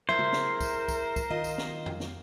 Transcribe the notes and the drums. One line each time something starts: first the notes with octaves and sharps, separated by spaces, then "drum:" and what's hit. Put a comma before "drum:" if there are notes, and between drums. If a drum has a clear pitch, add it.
E4 G#4 A#4 C5 E5
drum: tom
drum: snare
drum: kick, tambourine
drum: kick, tambourine
drum: kick, tambourine
D#3 F4 D#5
drum: tambourine
drum: snare
drum: tom F2
drum: snare